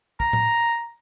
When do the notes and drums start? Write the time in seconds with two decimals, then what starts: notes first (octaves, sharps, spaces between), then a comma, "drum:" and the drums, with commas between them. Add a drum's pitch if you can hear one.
0.20 A#5, drum: kick
0.33 drum: tom A2